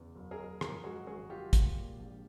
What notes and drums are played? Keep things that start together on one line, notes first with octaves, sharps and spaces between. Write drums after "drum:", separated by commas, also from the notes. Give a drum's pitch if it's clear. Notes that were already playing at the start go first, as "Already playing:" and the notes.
Already playing: E2 C#3
F#1
G#4 A#4
F#1
F3 G#4 A#4, drum: rim click
G#2 F#4 G#4
G#1 F#4 G#4
G#3 F4 G4
G3, drum: kick, hi-hat
A#2
A#1